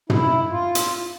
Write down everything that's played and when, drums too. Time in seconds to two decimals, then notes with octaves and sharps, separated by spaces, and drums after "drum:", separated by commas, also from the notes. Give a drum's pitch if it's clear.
0.10 E4, drum: tom
0.50 F4
0.75 drum: hi-hat